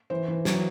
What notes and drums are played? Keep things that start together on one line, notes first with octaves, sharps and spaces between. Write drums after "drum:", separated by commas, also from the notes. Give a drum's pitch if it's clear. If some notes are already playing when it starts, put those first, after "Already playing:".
E3 C5
E3
F#3, drum: snare